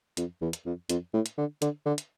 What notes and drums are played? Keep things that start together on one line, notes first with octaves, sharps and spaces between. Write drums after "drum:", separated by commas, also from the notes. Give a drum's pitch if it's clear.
F2, drum: hi-hat
E2
drum: hi-hat
F2
F2, drum: hi-hat
A2
drum: hi-hat
D3
D3, drum: hi-hat
D3
drum: hi-hat